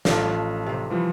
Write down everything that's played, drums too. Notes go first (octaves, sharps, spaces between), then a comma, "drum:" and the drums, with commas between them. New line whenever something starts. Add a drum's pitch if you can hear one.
A1 F3 D4 F4 A4, drum: snare
C3 C5
E3 F3 G3